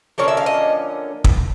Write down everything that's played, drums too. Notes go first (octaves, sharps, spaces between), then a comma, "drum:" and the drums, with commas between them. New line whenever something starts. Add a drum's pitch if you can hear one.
D3 F3 A#3 C#4 C#5
E5
F5
D#5
drum: kick